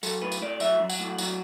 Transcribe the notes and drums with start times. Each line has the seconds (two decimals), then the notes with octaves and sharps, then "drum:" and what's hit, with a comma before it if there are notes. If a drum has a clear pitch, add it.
0.03 F#3 A4, drum: tambourine
0.22 A2 B4
0.32 drum: tambourine
0.42 A2 D5
0.60 F#3 E5, drum: tambourine
0.80 F#3
0.89 F#5, drum: tambourine
0.99 A2
1.18 F#3 F#5, drum: tambourine